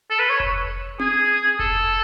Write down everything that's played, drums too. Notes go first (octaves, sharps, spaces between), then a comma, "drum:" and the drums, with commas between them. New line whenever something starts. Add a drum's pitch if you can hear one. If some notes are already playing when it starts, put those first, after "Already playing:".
A4
B4
C#5
drum: kick F1
G#4, drum: tom C4
A4, drum: kick F1